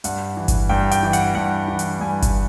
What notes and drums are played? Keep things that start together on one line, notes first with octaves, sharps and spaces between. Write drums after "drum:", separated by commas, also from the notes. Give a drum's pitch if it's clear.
G2 F#5, drum: hi-hat
E3
drum: kick G1, hi-hat
G2 G5
G5, drum: hi-hat
E3
F#5, drum: hi-hat
G2 F#5
E3
drum: hi-hat
G2 G#5
drum: kick G1, hi-hat